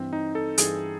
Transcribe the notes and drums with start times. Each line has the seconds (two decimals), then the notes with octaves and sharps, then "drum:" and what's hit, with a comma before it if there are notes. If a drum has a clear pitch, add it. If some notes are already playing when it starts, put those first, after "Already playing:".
Already playing: G2 E3 C4
0.13 D#4
0.35 A4
0.58 G2 E3 G#4, drum: hi-hat